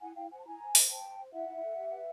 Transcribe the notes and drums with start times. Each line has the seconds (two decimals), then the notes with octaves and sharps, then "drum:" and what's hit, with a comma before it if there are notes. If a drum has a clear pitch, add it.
0.01 E4 F#5 G#5
0.16 E4 F5 G5
0.31 C5 F#5 G#5
0.38 A5
0.46 E4 G#5 A#5
0.60 C5
0.75 C5, drum: open hi-hat
0.89 C5 G5 A5
1.04 C5
1.18 C5
1.33 E4 E5 F#5
1.48 E4
1.63 A4
1.77 G4
1.91 B4